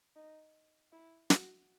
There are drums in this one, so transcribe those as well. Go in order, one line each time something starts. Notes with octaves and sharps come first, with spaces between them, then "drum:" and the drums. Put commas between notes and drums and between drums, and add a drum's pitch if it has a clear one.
D#4
E4
F#4, drum: snare